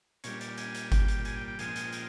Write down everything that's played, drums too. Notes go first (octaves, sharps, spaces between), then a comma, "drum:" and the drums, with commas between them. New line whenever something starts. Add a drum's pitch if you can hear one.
A#2 G3 C#5, drum: hi-hat
D5, drum: hi-hat
G#5, drum: hi-hat
drum: hi-hat
G5, drum: kick G1, hi-hat
drum: hi-hat
G#5, drum: hi-hat
G5
G5
A#2 F3 G#3 G#5, drum: hi-hat
drum: hi-hat
G5, drum: hi-hat